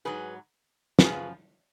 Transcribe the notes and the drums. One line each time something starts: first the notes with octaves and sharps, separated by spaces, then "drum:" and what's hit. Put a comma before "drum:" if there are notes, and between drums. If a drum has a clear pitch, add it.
G#2 F#3 G#4 B4
F#2 C#3 F3 G#4 B4, drum: snare